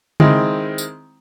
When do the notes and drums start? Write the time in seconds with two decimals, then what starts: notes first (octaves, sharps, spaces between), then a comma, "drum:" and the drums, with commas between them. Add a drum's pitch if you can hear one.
0.20 D#3 G#3 C4 E4, drum: tom C#3
0.78 drum: tambourine